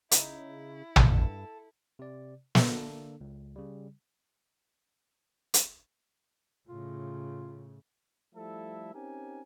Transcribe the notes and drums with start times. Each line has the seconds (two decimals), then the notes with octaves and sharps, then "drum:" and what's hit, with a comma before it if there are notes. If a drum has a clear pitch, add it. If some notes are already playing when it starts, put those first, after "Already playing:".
0.11 C#3 D#4 E4, drum: hi-hat
0.96 G2 A4 F#5, drum: tom
1.99 C3 D5
2.55 D3 A#3 D4 A4, drum: snare
3.21 C#2
3.56 C#3 G3
5.54 drum: hi-hat
6.68 A2 C#3 F4
8.34 F3 G3 A3 E4 A4 E5
8.93 C4 C#4 D#4 G4 A#4 G#5